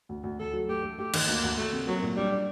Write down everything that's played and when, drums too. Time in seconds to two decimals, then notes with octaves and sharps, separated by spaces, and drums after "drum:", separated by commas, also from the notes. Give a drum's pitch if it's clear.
0.09 D2
0.23 D2
0.39 D2 A4
0.53 F#3
0.69 A3 G4
0.83 A3
0.98 A3 G4
1.14 D#3, drum: cymbal
1.27 D2 A#3
1.43 D2
1.57 D2 A3
1.73 C3
1.87 F#3 A#3
2.02 A#2
2.17 G3 D4
2.32 D4